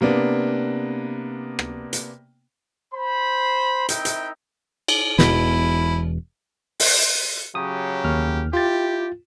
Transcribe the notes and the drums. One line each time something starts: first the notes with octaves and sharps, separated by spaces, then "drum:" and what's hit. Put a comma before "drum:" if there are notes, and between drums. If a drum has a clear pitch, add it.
C3 A#3 B3 D4
drum: rim click
drum: hi-hat
C5 B5
C4 D#4 E4 A#4 E5 G5, drum: hi-hat
drum: hi-hat
drum: cymbal
E1 E2 B2 E4, drum: snare
drum: open hi-hat
C#3 F#3 G4 D#6
D#2 F6
E4 F4 G4 A6